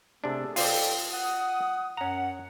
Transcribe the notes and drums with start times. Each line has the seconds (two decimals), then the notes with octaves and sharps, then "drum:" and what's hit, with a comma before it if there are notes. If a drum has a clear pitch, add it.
0.24 C3 A3 D4 G#4 A4
0.56 F4 A4 C5 D5 D#5 G5, drum: open hi-hat
1.11 F#5 D#6
1.97 F#2 C#4 F#5 A#5